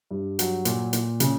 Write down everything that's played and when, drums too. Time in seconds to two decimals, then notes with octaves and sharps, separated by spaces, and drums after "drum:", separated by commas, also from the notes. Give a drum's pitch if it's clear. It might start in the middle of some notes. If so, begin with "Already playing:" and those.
0.11 G2
0.39 F#3, drum: hi-hat
0.65 A#2, drum: hi-hat
0.93 A#2, drum: hi-hat
1.20 C#3, drum: hi-hat